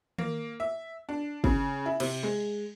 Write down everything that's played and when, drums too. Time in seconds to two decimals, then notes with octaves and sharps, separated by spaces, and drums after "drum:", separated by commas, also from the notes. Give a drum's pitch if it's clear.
0.18 A#3, drum: tom D#3
0.60 E5
1.09 D4
1.44 C#3, drum: kick
1.86 E4
2.00 C3, drum: cymbal
2.23 G#3